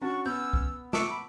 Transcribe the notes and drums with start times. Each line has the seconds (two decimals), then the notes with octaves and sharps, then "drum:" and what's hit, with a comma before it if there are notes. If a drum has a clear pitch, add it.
0.01 C#4 D4 F#4 C#6
0.26 B3 C#4 E6 G6
0.53 drum: kick
0.93 A5 C#6 D6 E6 C#7, drum: snare
1.09 B5